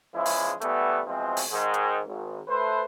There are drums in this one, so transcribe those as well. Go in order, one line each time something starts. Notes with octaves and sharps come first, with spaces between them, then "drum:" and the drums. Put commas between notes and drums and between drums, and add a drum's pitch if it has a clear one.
E2 C#3 E3 F3 G#3 E4
drum: open hi-hat
E3 G3 A3 B3, drum: hi-hat
B2 E3 F3 G#3 C4
drum: open hi-hat
G#2 D#3
drum: hi-hat
G#1
A3 B4 C5